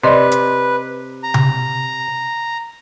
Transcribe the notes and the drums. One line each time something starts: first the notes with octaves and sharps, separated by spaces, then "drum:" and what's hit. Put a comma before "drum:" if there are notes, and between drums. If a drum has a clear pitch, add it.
C3 B4 D5 D#5 C6
drum: hi-hat
A#5
drum: tom C3